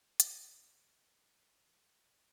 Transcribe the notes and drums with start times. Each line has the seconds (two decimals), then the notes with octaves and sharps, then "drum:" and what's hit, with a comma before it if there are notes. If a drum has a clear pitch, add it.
0.20 C#4, drum: hi-hat
0.36 C4 D#4 B4
1.07 C#5 E5 F5
1.90 F3
2.13 E4